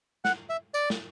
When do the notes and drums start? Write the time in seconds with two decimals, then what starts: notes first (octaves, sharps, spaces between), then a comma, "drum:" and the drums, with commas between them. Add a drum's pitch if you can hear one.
0.25 F#5, drum: snare
0.49 E5
0.74 D5, drum: tambourine
0.90 drum: snare